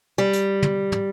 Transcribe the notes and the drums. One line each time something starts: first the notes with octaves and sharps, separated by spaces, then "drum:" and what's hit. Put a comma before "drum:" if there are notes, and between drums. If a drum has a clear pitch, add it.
G3
drum: hi-hat
drum: tom
drum: tom